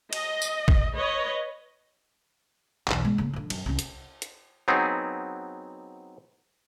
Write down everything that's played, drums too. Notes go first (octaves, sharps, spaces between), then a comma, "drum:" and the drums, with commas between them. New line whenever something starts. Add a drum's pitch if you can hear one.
D#5, drum: cymbal
drum: tambourine
drum: kick
B4 C#5 D#5
B1 E2, drum: clap
G#3 B3
C#3 A#3
D3 F3
F#2, drum: cymbal
C2 C#4
drum: hi-hat
drum: hi-hat
F#3 B3 C4 D#4 G#4